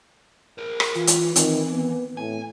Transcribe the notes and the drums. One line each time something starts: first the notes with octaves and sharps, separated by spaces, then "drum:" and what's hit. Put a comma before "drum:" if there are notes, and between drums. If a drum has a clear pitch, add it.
A#4 C5
drum: rim click
E3 F4
drum: hi-hat
D#3 C4, drum: hi-hat
B3
A2 G#5